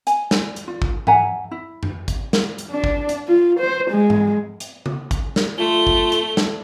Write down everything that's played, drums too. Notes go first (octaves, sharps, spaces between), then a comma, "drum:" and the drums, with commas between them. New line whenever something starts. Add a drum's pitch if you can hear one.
G#5, drum: hi-hat
drum: snare
drum: hi-hat
F4
drum: kick
E5 F#5 G#5 A#5, drum: tom G#2
E4
drum: tom F#2
drum: kick, hi-hat
drum: snare
drum: hi-hat
D4
drum: kick
drum: hi-hat
F4
C5
G#3
drum: tom G#2
drum: hi-hat
drum: tom C#3
drum: kick, hi-hat
drum: snare
A3 F4 G7
drum: kick
drum: hi-hat
drum: snare